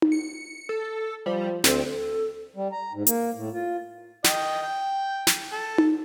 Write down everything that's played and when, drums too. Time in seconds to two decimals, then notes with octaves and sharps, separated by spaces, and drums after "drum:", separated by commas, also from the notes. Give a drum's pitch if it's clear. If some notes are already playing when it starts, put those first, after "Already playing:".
0.02 drum: tom D#4
0.12 C#7
0.69 A4
1.26 F3 G3
1.64 D2 C4, drum: snare
1.89 A4
2.56 G3
2.72 A#5
2.94 G#2
3.07 A#3, drum: hi-hat
3.35 A2
3.53 F4
4.24 D#5 G5, drum: snare
4.62 G5
5.27 drum: snare
5.52 A4
5.78 drum: tom D#4